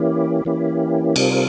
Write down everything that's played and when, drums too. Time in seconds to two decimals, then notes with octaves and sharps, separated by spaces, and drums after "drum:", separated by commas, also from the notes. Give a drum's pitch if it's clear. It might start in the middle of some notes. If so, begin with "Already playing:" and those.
Already playing: E3 A#3 C#4 E4 G4
0.45 E3 A#3 C#4 E4 G4
1.16 C3 G3 C4 F4 A#4, drum: cymbal